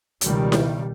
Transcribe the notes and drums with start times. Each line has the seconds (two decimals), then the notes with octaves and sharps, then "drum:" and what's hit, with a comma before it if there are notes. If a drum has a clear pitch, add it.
0.21 C#2 B2 D#3 G3, drum: hi-hat
0.52 drum: snare E4